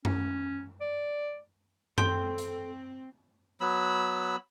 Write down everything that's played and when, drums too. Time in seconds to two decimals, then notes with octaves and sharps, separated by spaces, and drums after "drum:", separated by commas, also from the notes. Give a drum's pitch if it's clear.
0.05 C#4, drum: tom F#2
0.81 D5
1.98 C4 A4 G5 C6, drum: tom F#2
2.38 drum: hi-hat
3.61 F#3 B3 B5 E6